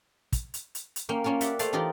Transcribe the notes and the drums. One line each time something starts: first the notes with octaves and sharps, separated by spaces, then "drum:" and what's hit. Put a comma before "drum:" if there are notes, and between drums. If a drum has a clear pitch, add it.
drum: kick, hi-hat
drum: hi-hat
drum: hi-hat
drum: hi-hat
A#3 C#4 G5
A#3 C#4 F4 A#4
G4 D5 E5 F#5 G5, drum: hi-hat
A3 C5 D5 F5 A5, drum: hi-hat
E3 D#4 F4 G4 A#4 D5